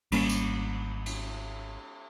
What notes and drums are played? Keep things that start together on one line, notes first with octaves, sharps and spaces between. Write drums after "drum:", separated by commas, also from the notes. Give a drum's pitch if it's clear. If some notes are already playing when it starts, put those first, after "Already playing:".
G#1 G3 A#3 C#4, drum: cymbal
drum: tambourine
drum: cymbal